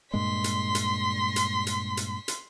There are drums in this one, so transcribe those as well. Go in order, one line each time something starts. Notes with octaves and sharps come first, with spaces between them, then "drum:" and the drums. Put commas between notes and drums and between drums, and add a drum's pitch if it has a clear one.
G2 A#2 G#3 C6 B6
drum: hi-hat
drum: hi-hat
drum: hi-hat
drum: hi-hat
drum: hi-hat
drum: hi-hat